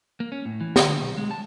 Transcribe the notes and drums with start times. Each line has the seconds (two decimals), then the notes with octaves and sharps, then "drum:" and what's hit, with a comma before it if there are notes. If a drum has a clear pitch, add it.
0.20 A#3
0.32 C#4
0.45 A2
0.61 E3
0.76 C#5, drum: snare
0.88 D3
1.01 B1
1.17 G#3
1.31 A5